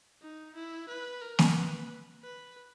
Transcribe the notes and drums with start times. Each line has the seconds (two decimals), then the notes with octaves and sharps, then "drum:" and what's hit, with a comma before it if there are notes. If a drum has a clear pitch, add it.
0.22 D#4
0.55 E4
0.88 B4
1.22 A#4
1.39 drum: snare A#3
1.55 B4
2.23 B4